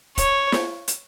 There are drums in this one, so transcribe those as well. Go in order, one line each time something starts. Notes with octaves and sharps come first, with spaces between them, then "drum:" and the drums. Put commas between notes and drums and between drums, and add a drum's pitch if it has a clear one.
C#5, drum: kick, hi-hat
drum: snare
drum: hi-hat